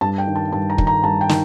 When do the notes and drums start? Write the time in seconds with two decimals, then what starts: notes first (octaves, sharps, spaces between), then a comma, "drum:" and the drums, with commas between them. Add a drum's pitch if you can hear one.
0.01 G2 A5
0.18 G5
0.27 D#3
0.36 A5
0.52 G2 A5
0.70 A#5
0.78 D#3, drum: kick
0.87 A#5
1.03 G2 A5
1.21 G5
1.29 D#3, drum: snare